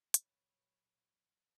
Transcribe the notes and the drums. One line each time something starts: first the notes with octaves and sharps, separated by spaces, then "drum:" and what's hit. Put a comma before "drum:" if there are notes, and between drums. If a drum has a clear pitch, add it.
A#2 F#3 B4 C#5, drum: hi-hat